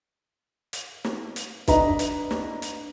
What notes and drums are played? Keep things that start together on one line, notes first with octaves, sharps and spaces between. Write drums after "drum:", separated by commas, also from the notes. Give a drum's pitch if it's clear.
drum: hi-hat
drum: snare
drum: hi-hat
D4 B4 D#5 A#5, drum: kick, hi-hat
drum: hi-hat
drum: snare
drum: hi-hat